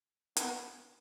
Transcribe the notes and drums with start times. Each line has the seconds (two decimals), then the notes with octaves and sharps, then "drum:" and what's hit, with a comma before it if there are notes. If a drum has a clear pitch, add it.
0.37 B3, drum: hi-hat